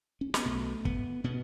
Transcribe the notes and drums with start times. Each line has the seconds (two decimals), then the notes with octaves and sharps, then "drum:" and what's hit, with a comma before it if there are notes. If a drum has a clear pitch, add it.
0.21 C#4
0.34 B3, drum: snare
0.45 B1 B2 A3
0.85 B3, drum: kick
1.24 B2 B3